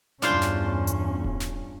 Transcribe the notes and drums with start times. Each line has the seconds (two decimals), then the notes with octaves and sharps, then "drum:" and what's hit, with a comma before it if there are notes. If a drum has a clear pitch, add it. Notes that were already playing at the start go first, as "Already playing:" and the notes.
0.22 E2 G2 C#4 D4 F4 C5, drum: snare
0.42 drum: snare
0.87 drum: hi-hat
1.24 drum: kick D#1
1.40 drum: snare